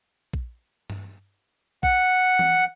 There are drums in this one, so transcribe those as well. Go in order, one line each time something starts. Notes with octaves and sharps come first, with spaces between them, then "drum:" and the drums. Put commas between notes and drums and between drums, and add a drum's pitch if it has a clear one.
drum: kick A#1
drum: tom G2
F#5, drum: kick A#1
drum: tom E3